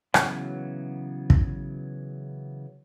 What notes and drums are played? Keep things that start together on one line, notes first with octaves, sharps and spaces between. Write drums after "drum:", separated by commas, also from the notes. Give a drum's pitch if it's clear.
C#3 E3 F#3 B3, drum: rim click
drum: kick